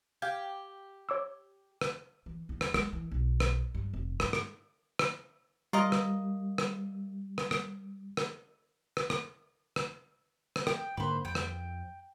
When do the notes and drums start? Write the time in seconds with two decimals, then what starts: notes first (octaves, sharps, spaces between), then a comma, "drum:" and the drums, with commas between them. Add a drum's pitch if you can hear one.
0.22 G4 F5 G6 G#6
1.09 C#5 D6 E6
1.81 drum: rim click
2.26 E3
2.49 E2
2.61 drum: rim click
2.74 G#3, drum: rim click
2.93 E3
3.11 B1
3.40 drum: rim click
3.75 G2
3.93 F1
4.20 G#2, drum: rim click
4.33 drum: rim click
4.99 drum: rim click
5.73 G3 F4 A#4 D#5
5.92 drum: rim click
6.58 drum: rim click
7.38 drum: rim click
7.51 drum: rim click
8.17 drum: rim click
8.97 drum: rim click
9.10 drum: rim click
9.76 drum: rim click
10.56 drum: rim click
10.67 G5, drum: rim click
10.97 G#2 D3 A#3 B4 C5
11.25 F2 G5
11.35 drum: rim click